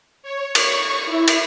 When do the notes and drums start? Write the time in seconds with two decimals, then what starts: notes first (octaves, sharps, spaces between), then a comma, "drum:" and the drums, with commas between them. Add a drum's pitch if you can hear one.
0.23 C#5
0.55 C#6, drum: cymbal
1.06 E4
1.28 drum: cymbal